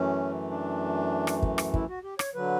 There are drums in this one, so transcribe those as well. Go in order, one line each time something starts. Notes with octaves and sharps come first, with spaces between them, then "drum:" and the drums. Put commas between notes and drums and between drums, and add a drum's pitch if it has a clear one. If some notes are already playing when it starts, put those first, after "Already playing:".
Already playing: F#2 E3 A3 C#4
D4
drum: rim click
drum: kick
drum: rim click
E4, drum: kick
F#4
G4
C#5, drum: rim click
D3 F#3 B4